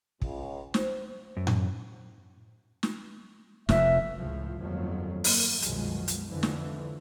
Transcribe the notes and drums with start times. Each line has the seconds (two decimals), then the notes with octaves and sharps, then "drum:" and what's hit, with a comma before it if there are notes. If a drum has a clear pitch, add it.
0.22 C#2, drum: kick
0.74 C5, drum: snare
1.37 F#2
1.47 drum: tom A2
2.83 drum: snare
3.69 F1 F2 E5, drum: snare
4.18 C#2 A2 C#3 F3
4.57 G1 F2 D#3 F3 F#3 A3
5.24 A#3, drum: open hi-hat
5.62 C2 F#2 B2 D#3 F3 G#3, drum: hi-hat
6.08 drum: hi-hat
6.28 F2 D3 E3 F3
6.43 drum: snare